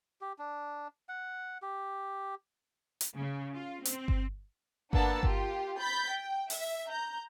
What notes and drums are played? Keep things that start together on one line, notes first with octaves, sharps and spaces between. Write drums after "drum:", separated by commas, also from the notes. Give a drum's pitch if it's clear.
G4
D4
F#5
G4
drum: hi-hat
C#3
F4
C4, drum: hi-hat
drum: kick G1
A#3 B3 D4 F#5 A5 E6, drum: kick G1
F4 G4, drum: kick G1
B5 G6 A6 B6
G5
E5, drum: open hi-hat
A#5 G6